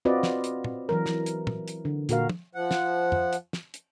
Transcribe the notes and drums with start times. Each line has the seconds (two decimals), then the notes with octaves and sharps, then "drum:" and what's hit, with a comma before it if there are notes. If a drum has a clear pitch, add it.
0.05 C4 F4 F#4 B4 D5 D#5
0.23 drum: snare
0.44 drum: hi-hat
0.64 drum: tom
0.89 E3 F#3 A#4
1.06 drum: snare
1.26 drum: hi-hat
1.47 drum: tom
1.68 drum: hi-hat
1.85 D3
2.09 A#2 F#4 A#4 F5, drum: hi-hat
2.29 drum: tom
2.55 F3 F#5
2.71 drum: snare
3.12 drum: tom F2
3.33 drum: hi-hat
3.53 drum: snare
3.74 drum: hi-hat